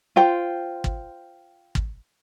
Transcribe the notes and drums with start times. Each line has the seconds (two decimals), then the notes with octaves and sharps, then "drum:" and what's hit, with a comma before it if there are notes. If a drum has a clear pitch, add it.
0.16 F4 C5 G5
0.84 drum: kick
1.75 drum: kick